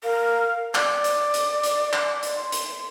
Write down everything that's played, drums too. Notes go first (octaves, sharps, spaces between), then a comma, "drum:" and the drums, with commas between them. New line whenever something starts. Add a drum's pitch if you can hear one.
A#4 F5
D5 D6, drum: clap
drum: hi-hat
drum: hi-hat
drum: hi-hat
drum: clap
drum: hi-hat
C6
drum: hi-hat